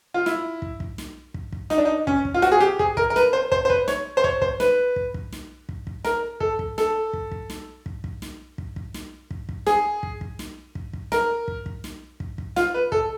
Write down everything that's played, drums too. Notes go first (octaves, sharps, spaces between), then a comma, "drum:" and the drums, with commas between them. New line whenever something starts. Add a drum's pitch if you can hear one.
F4
E4, drum: snare
drum: kick
drum: kick
drum: snare
drum: kick
drum: kick
D#4, drum: snare
D4
D#4
C#4, drum: kick
drum: kick
F4
F#4, drum: snare
G#4
G4
G#4, drum: kick
A#4, drum: kick
A#4
B4, drum: snare
C5
C5, drum: kick
C5
B4, drum: kick
C#5, drum: snare
C5
C#5, drum: kick
C5, drum: kick
B4, drum: snare
drum: kick
drum: kick
drum: snare
drum: kick
drum: kick
A#4, drum: snare
A4, drum: kick
drum: kick
A4, drum: snare
drum: kick
drum: kick
drum: snare
drum: kick
drum: kick
drum: snare
drum: kick
drum: kick
drum: snare
drum: kick
drum: kick
G#4, drum: snare
drum: kick
drum: kick
drum: snare
drum: kick
drum: kick
A#4, drum: snare
drum: kick
drum: kick
drum: snare
drum: kick
drum: kick
F4, drum: snare
B4
A4, drum: kick